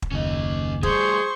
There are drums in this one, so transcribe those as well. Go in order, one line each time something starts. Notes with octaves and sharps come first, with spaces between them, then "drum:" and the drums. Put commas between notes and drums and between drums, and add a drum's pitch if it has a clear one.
drum: kick
F#1 D#2 C#4 D#5
G3 A3 G#4 C5 C#6, drum: kick